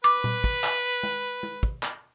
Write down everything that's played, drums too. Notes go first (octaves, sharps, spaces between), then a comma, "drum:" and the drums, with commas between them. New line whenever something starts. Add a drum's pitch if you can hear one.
B4 D6
drum: tom A#2
drum: kick
drum: clap
drum: tom
drum: tom
drum: kick
drum: clap